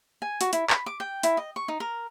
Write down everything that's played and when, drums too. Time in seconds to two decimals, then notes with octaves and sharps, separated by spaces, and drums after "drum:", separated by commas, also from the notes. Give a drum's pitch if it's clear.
0.22 G#5
0.41 F#4, drum: hi-hat
0.53 E4, drum: hi-hat
0.70 B5, drum: clap
0.86 D6
1.00 G5
1.23 E4, drum: hi-hat
1.37 D#5
1.56 C#6
1.68 D#4
1.80 A#4